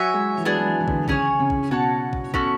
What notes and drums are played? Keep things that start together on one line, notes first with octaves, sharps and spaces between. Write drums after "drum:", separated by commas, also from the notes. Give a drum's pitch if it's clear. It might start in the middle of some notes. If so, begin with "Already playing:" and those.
Already playing: F#3 F#4 C#5 E5 G#5
G#3
E3
F#3 B3 D4 G#4
F#3
E3
E3
D3, drum: kick
C#3 C#4 G#4 C#5, drum: kick
C#3
drum: kick
B2 F#4 C#5 F#5 A5
drum: kick
A3 C#4 F#4, drum: kick